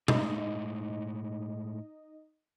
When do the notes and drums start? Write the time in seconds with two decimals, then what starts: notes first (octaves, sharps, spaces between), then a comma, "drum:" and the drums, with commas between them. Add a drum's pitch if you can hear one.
0.08 A2 G#3 D#4 D#5, drum: tom B2